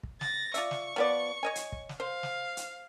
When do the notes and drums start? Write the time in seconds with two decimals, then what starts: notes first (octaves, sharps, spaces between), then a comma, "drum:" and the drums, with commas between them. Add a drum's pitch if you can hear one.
0.03 drum: kick
0.21 A6 A#6, drum: snare
0.54 F4 D5 E5 C#6, drum: hi-hat
0.71 drum: snare
0.96 F3 B3 D5
1.43 C#5 D#5 G#5
1.55 drum: hi-hat
1.72 drum: kick
1.89 drum: snare
2.00 C5 F5
2.23 drum: snare
2.57 drum: hi-hat